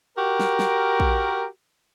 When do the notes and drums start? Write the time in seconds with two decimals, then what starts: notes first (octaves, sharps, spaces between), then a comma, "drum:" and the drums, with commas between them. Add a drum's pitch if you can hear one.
0.16 F#4 G4 A#4
0.40 drum: snare
0.59 drum: snare
1.00 drum: kick A#1